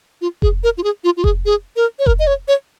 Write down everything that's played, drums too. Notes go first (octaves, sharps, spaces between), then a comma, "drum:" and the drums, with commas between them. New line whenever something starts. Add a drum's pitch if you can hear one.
F4
G#4, drum: kick F1
A#4
F4
G#4
F4
F4
G#4, drum: kick F1
G#4
A#4
C#5
A#4, drum: kick F1
D#5
C#5
C#5